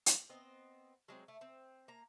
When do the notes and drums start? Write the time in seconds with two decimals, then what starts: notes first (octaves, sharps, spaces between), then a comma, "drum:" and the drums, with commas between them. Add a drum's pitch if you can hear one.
0.06 drum: hi-hat
0.30 B3 C4 D#5
1.08 F#3 G#3 C4
1.28 A3
1.41 C4
1.88 A#3 A#5